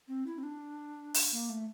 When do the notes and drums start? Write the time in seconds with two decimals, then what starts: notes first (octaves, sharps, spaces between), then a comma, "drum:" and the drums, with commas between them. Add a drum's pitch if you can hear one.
0.08 C4
0.27 E4
0.38 C4
0.43 D4
1.14 drum: open hi-hat
1.32 A#3
1.49 A3